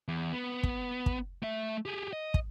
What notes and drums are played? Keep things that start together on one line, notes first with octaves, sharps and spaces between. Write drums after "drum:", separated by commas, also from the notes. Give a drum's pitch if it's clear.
E2
B3
drum: kick
drum: kick
A3 E5
G4 G#4
D#5
drum: kick